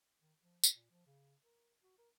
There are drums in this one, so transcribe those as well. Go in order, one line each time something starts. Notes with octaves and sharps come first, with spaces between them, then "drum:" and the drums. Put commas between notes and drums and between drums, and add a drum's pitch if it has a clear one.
D#3
F3
drum: tambourine
A#2
F3
C#3
A#4
F#4
A#4